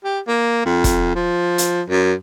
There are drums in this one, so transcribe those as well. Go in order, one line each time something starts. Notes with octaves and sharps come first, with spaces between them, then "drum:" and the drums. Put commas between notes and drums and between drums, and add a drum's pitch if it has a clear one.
G4
A#3
F2
drum: kick, hi-hat
F3
drum: hi-hat
F#2